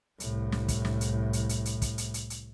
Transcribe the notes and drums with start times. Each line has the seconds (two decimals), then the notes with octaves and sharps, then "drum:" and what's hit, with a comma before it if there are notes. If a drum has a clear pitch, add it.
0.20 C2 A2, drum: hi-hat
0.52 drum: snare
0.68 drum: kick, hi-hat
0.85 drum: snare
1.01 drum: hi-hat
1.33 drum: hi-hat
1.49 drum: hi-hat
1.65 drum: hi-hat
1.82 drum: kick, hi-hat
1.98 drum: hi-hat
2.14 drum: hi-hat
2.30 drum: hi-hat